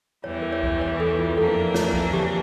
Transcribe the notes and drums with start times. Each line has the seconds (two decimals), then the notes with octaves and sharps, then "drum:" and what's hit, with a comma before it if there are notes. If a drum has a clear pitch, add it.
0.24 E2 E3 G3 C#5
0.42 A#4
0.53 C#5
0.63 drum: kick C2
0.81 C#5
1.00 A4
1.19 F4
1.37 F2 E3 A#3 D4 A4
1.74 C#5, drum: snare
1.93 A#4, drum: kick C2
2.13 G4, drum: tom D3